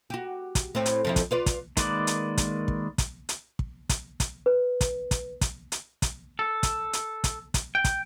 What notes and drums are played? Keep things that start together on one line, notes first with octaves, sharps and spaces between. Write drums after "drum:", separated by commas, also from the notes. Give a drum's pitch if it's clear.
F#4 G4
drum: kick, hi-hat
A2 C4
drum: hi-hat
F2 F3 E4
drum: kick, hi-hat
F4 B4 D5
drum: kick, hi-hat
D#3 G#3 A#3 B4 D5, drum: kick, hi-hat
drum: hi-hat
drum: kick, hi-hat
drum: kick
drum: kick, hi-hat
drum: hi-hat
drum: kick
drum: kick, hi-hat
drum: kick, hi-hat
B4
drum: kick, hi-hat
drum: kick, hi-hat
drum: kick, hi-hat
drum: hi-hat
drum: kick, hi-hat
A4
drum: kick, hi-hat
drum: hi-hat
drum: kick, hi-hat
drum: kick, hi-hat
G5
drum: kick, hi-hat